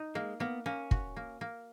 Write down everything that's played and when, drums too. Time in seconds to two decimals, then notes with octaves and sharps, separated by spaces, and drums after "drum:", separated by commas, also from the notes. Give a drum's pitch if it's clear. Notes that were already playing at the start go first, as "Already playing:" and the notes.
Already playing: D#4
0.15 G#3 A#3
0.40 A#3 B3
0.66 A#3 C#4
0.91 F#4, drum: kick
1.16 A#3
1.41 A#3